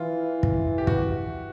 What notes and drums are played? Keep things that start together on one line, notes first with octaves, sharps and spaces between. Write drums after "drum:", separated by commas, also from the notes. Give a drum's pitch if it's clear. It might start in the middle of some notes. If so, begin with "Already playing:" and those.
Already playing: E3 F4
drum: kick
G4
F#4, drum: kick